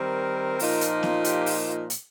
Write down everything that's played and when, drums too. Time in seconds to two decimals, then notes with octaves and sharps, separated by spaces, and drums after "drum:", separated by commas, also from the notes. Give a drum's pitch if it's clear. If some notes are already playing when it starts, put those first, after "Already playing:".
Already playing: D#3 G3 C4 A#4
0.60 A#2 F3 A#3 D#4, drum: open hi-hat
0.81 drum: hi-hat
1.03 drum: snare B3
1.24 G4, drum: hi-hat
1.46 drum: open hi-hat
1.90 drum: hi-hat